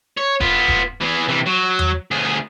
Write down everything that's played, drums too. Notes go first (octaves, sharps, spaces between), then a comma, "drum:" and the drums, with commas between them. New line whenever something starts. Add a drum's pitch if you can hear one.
C#5
B3 F4, drum: kick D#1
drum: kick D#1
E3 G#4
C3 E3
F#3
drum: tom E2
D2 G#4